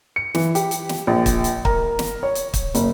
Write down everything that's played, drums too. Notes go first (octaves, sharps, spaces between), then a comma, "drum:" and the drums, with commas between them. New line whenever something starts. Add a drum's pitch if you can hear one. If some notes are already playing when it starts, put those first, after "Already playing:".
C#7
E3, drum: snare
G4, drum: hi-hat
drum: hi-hat
drum: snare
A#1
drum: kick, hi-hat
drum: hi-hat
A#4, drum: kick
drum: snare
C#5
drum: hi-hat
drum: kick, hi-hat
F#1, drum: hi-hat